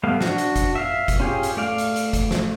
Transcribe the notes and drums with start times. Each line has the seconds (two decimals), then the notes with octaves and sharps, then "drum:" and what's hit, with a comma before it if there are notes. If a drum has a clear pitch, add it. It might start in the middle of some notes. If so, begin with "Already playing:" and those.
0.03 G3 A3 B3 F5
0.21 D4 F#4, drum: snare
0.38 drum: hi-hat
0.56 drum: kick F#1, hi-hat
0.76 E5 F5
1.08 drum: kick F#1, hi-hat
1.20 C#4 F4 G4 G#4
1.43 drum: hi-hat
1.57 A3 D5 F5
1.78 drum: hi-hat
1.96 drum: hi-hat
2.13 drum: kick F#1, hi-hat
2.31 drum: snare